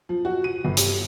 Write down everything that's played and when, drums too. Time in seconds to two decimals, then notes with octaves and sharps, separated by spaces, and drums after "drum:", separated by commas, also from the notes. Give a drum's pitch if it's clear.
0.09 F3
0.25 F#4
0.44 D#7
0.65 G1
0.77 G4, drum: hi-hat